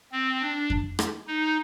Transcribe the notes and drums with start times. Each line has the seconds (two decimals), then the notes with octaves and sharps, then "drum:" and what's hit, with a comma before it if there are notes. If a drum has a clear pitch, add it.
0.12 C4
0.42 D4
0.70 drum: kick F2
0.99 drum: rim click
1.27 D#4